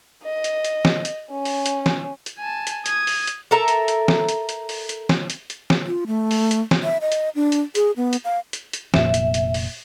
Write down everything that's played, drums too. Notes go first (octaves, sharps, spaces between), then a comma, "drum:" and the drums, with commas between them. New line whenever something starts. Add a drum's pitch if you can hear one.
D#5
drum: hi-hat
drum: hi-hat
drum: snare
drum: hi-hat
C#4
drum: open hi-hat
drum: hi-hat
drum: snare
drum: hi-hat
G#5 A5
drum: hi-hat
D#6 G#6, drum: hi-hat
drum: open hi-hat
drum: hi-hat
A4 A#4 E5 A#5
drum: hi-hat
drum: hi-hat
drum: snare
drum: hi-hat
drum: hi-hat
drum: open hi-hat
drum: hi-hat
drum: snare
drum: hi-hat
drum: hi-hat
drum: snare
F4
A3
drum: open hi-hat
drum: hi-hat
drum: snare
E5
D#5
drum: hi-hat
D4
drum: hi-hat
G#4, drum: hi-hat
B3
drum: hi-hat
F5
drum: hi-hat
drum: hi-hat
F1 A#2 E5, drum: snare
drum: hi-hat
drum: hi-hat
drum: open hi-hat